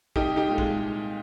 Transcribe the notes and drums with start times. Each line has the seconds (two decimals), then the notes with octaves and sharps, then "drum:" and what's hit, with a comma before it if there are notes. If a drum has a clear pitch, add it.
0.16 C2 D#4 G4, drum: kick
0.36 D#4 G4
0.48 G#3
0.51 A#2
0.58 G#3, drum: kick
0.79 C2